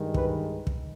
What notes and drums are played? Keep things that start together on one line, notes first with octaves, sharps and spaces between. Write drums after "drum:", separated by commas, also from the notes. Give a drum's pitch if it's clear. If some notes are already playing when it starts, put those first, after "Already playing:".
Already playing: G2 D#3 G#3
B4, drum: kick
drum: kick